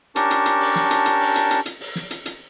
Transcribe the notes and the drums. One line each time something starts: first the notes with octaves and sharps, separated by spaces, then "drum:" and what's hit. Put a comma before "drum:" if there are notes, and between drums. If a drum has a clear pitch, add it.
C#4 D4 G4 A#4 A5 C#6, drum: hi-hat
drum: hi-hat
drum: hi-hat
drum: open hi-hat
drum: snare
drum: hi-hat
drum: hi-hat
drum: open hi-hat
drum: hi-hat
drum: hi-hat
drum: hi-hat
drum: open hi-hat
drum: snare
drum: hi-hat
drum: hi-hat